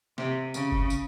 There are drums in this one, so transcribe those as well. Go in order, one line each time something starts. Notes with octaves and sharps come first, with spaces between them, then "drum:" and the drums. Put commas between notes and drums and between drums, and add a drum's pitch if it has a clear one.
C3, drum: snare
C#3, drum: tambourine
drum: kick F#1
drum: tambourine